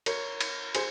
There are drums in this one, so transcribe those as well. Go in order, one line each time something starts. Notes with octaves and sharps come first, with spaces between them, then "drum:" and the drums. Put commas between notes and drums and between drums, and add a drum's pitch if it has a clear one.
A#4 C#5, drum: cymbal
drum: cymbal
G#4 C5, drum: cymbal